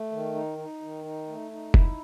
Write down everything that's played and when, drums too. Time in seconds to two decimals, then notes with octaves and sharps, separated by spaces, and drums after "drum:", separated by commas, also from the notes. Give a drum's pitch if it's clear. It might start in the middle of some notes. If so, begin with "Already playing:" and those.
Already playing: A3
0.11 D#3
0.35 D#4
0.58 D#4
0.81 D#3
1.05 D#4
1.27 A3
1.51 D#4
1.74 E4, drum: kick